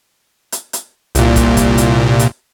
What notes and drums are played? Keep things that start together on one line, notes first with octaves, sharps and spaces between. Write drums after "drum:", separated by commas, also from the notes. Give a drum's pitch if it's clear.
drum: hi-hat
drum: hi-hat
C2 A#2, drum: hi-hat
drum: kick, hi-hat
drum: kick, hi-hat
drum: hi-hat
drum: hi-hat